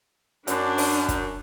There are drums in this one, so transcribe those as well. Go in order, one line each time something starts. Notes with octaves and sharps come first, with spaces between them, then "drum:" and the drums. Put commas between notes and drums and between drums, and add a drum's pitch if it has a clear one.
F#2 D4, drum: hi-hat
drum: open hi-hat
drum: kick, hi-hat